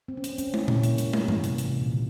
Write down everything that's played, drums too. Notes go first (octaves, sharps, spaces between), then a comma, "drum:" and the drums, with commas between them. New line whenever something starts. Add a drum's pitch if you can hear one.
C4
C#4
C4, drum: hi-hat
C#4, drum: hi-hat
E4, drum: tom
C#4, drum: tom A#2
A#3, drum: hi-hat
G#3, drum: hi-hat
G3, drum: tom
E3, drum: tom G#2
C3, drum: hi-hat
drum: hi-hat
C3
A#2
C#3